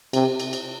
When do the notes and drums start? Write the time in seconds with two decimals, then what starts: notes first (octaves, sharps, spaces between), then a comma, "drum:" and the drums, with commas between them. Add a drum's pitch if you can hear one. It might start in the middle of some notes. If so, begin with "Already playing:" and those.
0.13 C3, drum: cymbal
0.40 drum: cymbal
0.53 drum: cymbal